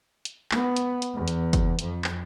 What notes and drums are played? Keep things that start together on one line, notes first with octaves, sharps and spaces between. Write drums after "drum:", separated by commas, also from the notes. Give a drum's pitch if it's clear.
drum: hi-hat
B3, drum: clap
drum: hi-hat
drum: hi-hat
E2
drum: hi-hat
drum: kick, hi-hat
F2, drum: hi-hat
drum: clap